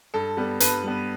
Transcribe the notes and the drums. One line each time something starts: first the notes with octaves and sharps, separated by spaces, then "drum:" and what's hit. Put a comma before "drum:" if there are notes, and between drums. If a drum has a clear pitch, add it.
G2 A4
G3 B3
G2 B4, drum: hi-hat
G3 B3